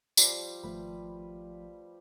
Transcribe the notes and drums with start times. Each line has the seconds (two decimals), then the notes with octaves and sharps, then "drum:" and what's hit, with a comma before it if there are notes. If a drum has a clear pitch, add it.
0.17 F3 G3, drum: tambourine
0.64 G#1 F3 A3 B4